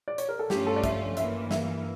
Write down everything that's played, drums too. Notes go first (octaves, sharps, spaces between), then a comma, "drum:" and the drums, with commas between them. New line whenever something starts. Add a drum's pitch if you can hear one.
D5
C#5, drum: hi-hat
A#4
A4
G2 F3 A3 C#4 F4 G4, drum: snare
A4
D5
E5, drum: kick, hi-hat
G2 E3 A#3 E5, drum: hi-hat
E5, drum: snare